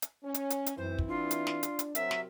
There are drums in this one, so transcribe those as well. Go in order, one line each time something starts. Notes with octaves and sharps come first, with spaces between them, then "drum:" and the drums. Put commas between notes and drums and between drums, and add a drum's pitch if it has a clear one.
drum: hi-hat
C#4
drum: hi-hat
drum: hi-hat
drum: hi-hat
F#2 E3 C4 E4 C5
drum: kick
D4 F4
drum: hi-hat
drum: snare
drum: hi-hat
drum: hi-hat
C3 F#3 A#4 E5, drum: hi-hat
drum: snare